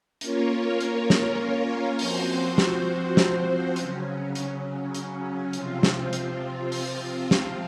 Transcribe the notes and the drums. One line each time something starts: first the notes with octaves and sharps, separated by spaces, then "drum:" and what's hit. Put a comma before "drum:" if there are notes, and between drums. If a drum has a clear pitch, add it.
A#3 C#4 F4 A#4 C#5, drum: hi-hat
drum: hi-hat
drum: snare
F3 C4 F#4 C5, drum: open hi-hat
drum: snare
drum: snare
C#3 F#3 C#4, drum: hi-hat
drum: hi-hat
drum: hi-hat
C3 F3 C4 F4, drum: hi-hat
drum: snare
drum: hi-hat
drum: open hi-hat
drum: snare